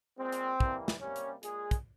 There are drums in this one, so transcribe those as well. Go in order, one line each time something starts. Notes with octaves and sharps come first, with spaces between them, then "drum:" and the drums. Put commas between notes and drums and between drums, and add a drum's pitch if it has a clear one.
A#2 G#3 C4
drum: hi-hat
E3 G3 A#3, drum: kick
drum: snare
C3 G3 A#3 C#4
drum: hi-hat
A#2 G#3 G#4, drum: hi-hat
drum: kick, hi-hat